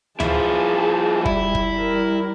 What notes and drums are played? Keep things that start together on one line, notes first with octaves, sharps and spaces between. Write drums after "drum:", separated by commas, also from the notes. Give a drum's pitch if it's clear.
F3 E4 G#4 A5, drum: tom D2
G3 E4, drum: kick
drum: kick
G3 A#4